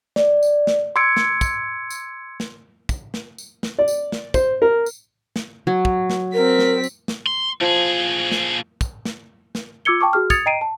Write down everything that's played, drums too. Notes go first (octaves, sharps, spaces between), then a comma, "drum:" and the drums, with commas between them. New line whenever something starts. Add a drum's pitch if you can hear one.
D5, drum: snare
drum: tambourine
drum: snare
C6 D6 E6 G#6 C#7 D7
drum: snare
drum: kick, tambourine
drum: tambourine
drum: snare
drum: kick, tambourine
drum: snare
drum: tambourine
drum: snare
D5
drum: tambourine
drum: snare
C5, drum: kick, tambourine
A#4
drum: tambourine
drum: snare
F#3
drum: kick
drum: snare
C4 A#4 B6
drum: snare
drum: tambourine
drum: snare
C6
A#2 F3 G#4
drum: snare
drum: kick, tambourine
drum: snare
drum: snare
F4 D6 E6 G#6 C#7 G7
G5 A5 C#6 D6
F#4 G#4 F6
D#6 G#6 A6 C#7 F7, drum: kick, tambourine
D#5 G5 A#5 C7 D7 D#7
A5